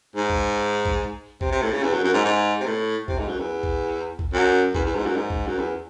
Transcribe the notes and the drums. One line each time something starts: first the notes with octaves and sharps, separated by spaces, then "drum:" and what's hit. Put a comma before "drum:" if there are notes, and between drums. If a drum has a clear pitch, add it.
G#2
drum: kick A1
drum: kick A1
C3, drum: kick A1
C3
A2
C#3
E2
F#2
F#2
G#2
G#2
C3
A2
C3, drum: kick A1
G#2
F#2
E2
drum: kick A1
drum: kick A1
F#2
E2, drum: kick A1
E2
G#2
F#2
G#2
drum: kick A1
F#2
E2